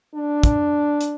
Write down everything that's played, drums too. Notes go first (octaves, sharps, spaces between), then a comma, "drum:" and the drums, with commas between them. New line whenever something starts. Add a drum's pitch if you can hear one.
D4
drum: kick, hi-hat
drum: hi-hat